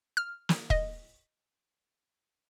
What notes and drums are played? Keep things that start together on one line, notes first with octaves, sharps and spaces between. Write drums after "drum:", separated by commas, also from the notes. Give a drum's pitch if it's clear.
F6
drum: snare
D#5, drum: kick